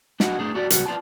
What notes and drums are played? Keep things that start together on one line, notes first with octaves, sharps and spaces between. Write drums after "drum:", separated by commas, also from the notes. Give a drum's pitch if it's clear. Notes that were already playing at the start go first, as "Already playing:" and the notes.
D4 F#4 D#5 F#5, drum: snare
A3 D4 G#4
F#4 G4 A4 D5
C#2 G3 B3 F#4, drum: hi-hat
B3 F4 D5 G5 A5